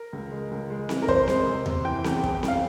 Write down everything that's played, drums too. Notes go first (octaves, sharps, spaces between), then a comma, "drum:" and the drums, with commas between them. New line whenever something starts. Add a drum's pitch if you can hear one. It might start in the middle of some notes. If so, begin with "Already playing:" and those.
Already playing: A#4
C#2
G#3
C#2
G#3
E3, drum: snare C4
A#4
C3 C5, drum: kick
G#3, drum: snare C4
C3
C3, drum: tom D#2
E3 G5
E2, drum: snare C4
E2, drum: kick
G5
E2, drum: snare C4
F5